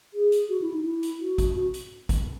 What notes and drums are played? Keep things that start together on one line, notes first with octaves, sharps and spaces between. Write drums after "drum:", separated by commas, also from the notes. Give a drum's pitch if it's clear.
G#4
drum: hi-hat
F#4
E4
D#4
E4
drum: hi-hat
F#4
drum: kick, hi-hat
F#4
drum: hi-hat
drum: kick, hi-hat